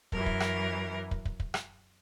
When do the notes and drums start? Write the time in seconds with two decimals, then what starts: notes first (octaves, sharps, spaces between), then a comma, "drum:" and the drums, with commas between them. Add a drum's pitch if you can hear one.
0.12 F#2 E3 A#4, drum: kick
0.26 drum: kick
0.40 drum: rim click
1.11 drum: kick
1.25 drum: kick
1.40 drum: kick
1.54 drum: rim click